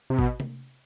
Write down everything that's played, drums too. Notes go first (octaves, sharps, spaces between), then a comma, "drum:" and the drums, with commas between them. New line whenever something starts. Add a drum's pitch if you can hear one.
C3
B2, drum: kick G#1
drum: tom C3